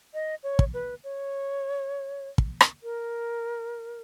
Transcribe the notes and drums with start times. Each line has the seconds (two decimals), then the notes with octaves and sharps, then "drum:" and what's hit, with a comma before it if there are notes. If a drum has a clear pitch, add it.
0.14 D#5
0.43 C#5
0.59 drum: kick
0.74 B4
1.04 C#5
2.38 drum: kick
2.61 drum: rim click
2.83 A#4